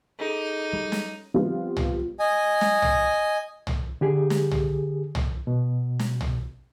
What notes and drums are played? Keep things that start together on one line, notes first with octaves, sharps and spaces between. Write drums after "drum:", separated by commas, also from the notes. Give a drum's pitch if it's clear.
D#4 G#4 A4
G3
drum: snare
F3 G3 B3 C4 F4
drum: tom
D#5 G#5
drum: snare
drum: tom
drum: tom
D3 G4 G#4
drum: snare
drum: tom
drum: tom
B2
drum: snare
drum: tom